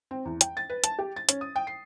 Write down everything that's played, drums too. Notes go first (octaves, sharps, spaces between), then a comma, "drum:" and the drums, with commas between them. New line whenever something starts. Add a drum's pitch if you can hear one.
C4
E2
G5, drum: hi-hat
A6
B4
A5, drum: hi-hat
G4
A6
C#4, drum: hi-hat
D#6
G5
C7